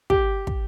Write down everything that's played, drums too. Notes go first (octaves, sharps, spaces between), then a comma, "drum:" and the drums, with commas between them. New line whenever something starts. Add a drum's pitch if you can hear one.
G4, drum: kick
drum: kick